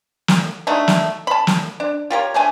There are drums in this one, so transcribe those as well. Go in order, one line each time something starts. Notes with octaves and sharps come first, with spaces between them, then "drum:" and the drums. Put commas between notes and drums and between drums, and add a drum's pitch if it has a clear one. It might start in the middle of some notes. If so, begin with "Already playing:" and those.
drum: snare
A3 D4 D#4 F#4
drum: snare
A5 B5
drum: snare
D4
F4 G4 A#4 C#5
A3 D4 G#5